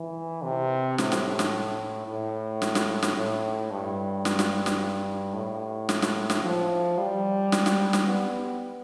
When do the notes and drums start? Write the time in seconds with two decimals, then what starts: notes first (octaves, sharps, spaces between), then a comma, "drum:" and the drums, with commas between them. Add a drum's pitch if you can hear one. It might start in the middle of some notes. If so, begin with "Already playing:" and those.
Already playing: E3
0.43 C3
0.98 A2, drum: snare
1.12 drum: snare
1.39 drum: snare
2.07 A2
2.62 drum: snare
2.75 drum: snare
3.02 drum: snare
3.16 A2
3.71 G2
4.25 drum: snare
4.39 drum: snare
4.66 drum: snare
5.34 A2
5.89 drum: snare
6.02 drum: snare
6.30 drum: snare
6.44 F3
6.98 G3
7.52 drum: snare
7.66 drum: snare
7.93 drum: snare
8.07 B3